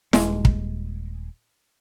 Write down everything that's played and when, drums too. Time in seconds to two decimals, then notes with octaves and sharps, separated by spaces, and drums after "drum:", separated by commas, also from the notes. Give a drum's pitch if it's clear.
0.13 D#1 G#3, drum: snare E4
0.45 drum: kick